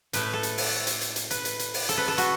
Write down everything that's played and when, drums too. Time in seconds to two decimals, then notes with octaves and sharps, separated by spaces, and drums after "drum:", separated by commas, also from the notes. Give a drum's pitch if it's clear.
0.13 A2 A3 B4, drum: hi-hat
0.33 A4
0.43 drum: hi-hat
0.58 drum: open hi-hat
0.87 drum: hi-hat
1.01 drum: hi-hat
1.16 drum: hi-hat
1.31 B4, drum: hi-hat
1.45 drum: hi-hat
1.59 drum: hi-hat
1.74 drum: open hi-hat
1.89 A4, drum: hi-hat
1.98 B4
2.08 A4
2.18 F#4, drum: hi-hat